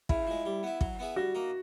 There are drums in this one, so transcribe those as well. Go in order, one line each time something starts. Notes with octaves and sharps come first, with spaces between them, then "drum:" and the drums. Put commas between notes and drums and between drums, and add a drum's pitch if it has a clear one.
C#3 E4, drum: kick
F3 G#3
G3
B3 E4
F#3, drum: kick
B3 E4 G#4
G3 F#4
A#3 D#4